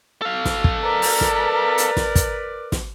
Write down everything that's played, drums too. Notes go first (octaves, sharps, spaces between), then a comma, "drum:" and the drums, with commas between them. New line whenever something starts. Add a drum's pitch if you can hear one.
A4 F5
drum: snare
drum: kick
A#4 B4 D5 A#5
drum: open hi-hat
drum: snare
drum: hi-hat
drum: snare
drum: kick, hi-hat
drum: snare